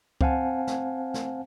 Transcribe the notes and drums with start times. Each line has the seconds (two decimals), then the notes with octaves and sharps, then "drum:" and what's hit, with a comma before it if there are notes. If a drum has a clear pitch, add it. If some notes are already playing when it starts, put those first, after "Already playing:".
0.21 C4 C5 F5 F#5 G#5 A5, drum: kick C#2
0.67 drum: snare
1.14 drum: snare